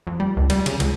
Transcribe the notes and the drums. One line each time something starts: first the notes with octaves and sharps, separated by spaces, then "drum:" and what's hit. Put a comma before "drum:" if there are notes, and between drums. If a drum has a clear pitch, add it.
F2
G3
C#2
G3, drum: cymbal
C#3, drum: cymbal
C#2, drum: cymbal